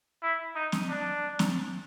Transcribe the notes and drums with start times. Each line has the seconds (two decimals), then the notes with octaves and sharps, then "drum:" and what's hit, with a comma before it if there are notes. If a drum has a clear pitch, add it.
0.22 E4
0.56 D#4
0.72 drum: snare
0.89 D4
1.39 drum: snare